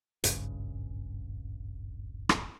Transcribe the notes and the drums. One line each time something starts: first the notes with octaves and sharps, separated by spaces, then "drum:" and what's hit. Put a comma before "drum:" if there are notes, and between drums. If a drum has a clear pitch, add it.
D#1 G#1 G2 C#3, drum: hi-hat
drum: rim click